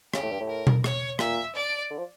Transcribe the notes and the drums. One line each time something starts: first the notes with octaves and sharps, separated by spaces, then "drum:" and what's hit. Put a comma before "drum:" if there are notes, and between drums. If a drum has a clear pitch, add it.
C#3 G4, drum: rim click
A2
G2
A2
A#4
drum: tom B2
C#5, drum: rim click
A#2 E5, drum: rim click
D5
D3
F3